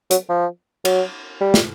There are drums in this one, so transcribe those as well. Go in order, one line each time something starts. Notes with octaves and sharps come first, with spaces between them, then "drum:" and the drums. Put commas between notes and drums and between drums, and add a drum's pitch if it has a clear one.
F#3, drum: hi-hat
F3
F#3, drum: cymbal
G3
drum: snare